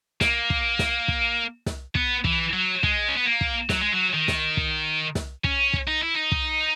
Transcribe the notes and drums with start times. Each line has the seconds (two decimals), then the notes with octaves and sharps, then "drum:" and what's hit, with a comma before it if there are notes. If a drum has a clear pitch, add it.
0.21 A#3, drum: snare
0.50 drum: kick
0.79 drum: snare
1.08 drum: kick
1.66 drum: snare
1.95 B3, drum: kick
2.24 E3, drum: kick
2.53 F#3
2.83 G#3, drum: kick
3.08 C#4
3.17 B3
3.26 A#3
3.41 drum: kick
3.69 F#3, drum: snare
3.81 G#3
3.92 F#3
4.14 D#3
4.28 drum: snare
4.57 drum: kick
5.15 drum: snare
5.44 C#4, drum: kick
5.73 drum: kick
5.87 D#4
6.01 E4
6.15 D#4
6.32 drum: kick